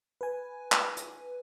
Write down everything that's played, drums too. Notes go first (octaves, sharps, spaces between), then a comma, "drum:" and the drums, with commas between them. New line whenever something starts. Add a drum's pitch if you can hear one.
B4 G#5
drum: clap
drum: hi-hat